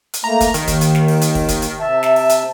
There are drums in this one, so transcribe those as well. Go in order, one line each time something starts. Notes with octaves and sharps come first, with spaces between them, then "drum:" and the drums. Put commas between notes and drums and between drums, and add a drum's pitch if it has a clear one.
drum: hi-hat
A3 A#3 A#5
drum: kick, hi-hat
D#2 D#3, drum: hi-hat
drum: kick, hi-hat
drum: hi-hat
drum: snare
drum: open hi-hat
drum: hi-hat
drum: kick, open hi-hat
drum: kick, hi-hat
drum: hi-hat
C3 E5 A5
drum: snare
drum: open hi-hat
drum: hi-hat